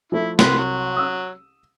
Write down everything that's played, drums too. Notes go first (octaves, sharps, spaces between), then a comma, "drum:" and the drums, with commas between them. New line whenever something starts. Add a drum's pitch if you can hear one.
F3 A3 E4
C2 B4 C6, drum: snare
F#3
D#6 E6